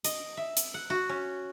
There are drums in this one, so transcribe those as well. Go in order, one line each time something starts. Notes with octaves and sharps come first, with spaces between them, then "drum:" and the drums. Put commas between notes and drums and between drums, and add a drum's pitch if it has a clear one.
D#5, drum: hi-hat
E5
drum: hi-hat
F#5
F#4
C#4